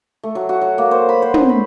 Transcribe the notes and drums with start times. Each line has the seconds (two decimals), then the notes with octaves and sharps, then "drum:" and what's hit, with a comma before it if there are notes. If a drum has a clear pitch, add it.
0.24 A3
0.35 F#3
0.49 F#4
0.62 F#3
0.78 A#3
0.91 C5
1.09 B5
1.22 C5
1.34 C5, drum: tom
1.49 B5